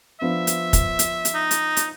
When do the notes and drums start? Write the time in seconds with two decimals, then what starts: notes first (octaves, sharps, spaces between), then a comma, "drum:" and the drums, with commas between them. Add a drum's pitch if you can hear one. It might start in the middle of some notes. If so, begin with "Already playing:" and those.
0.21 F3 B3 D4 E5
0.47 drum: hi-hat
0.73 drum: kick, hi-hat
0.99 drum: hi-hat
1.25 drum: hi-hat
1.34 D#4
1.51 drum: hi-hat
1.77 drum: hi-hat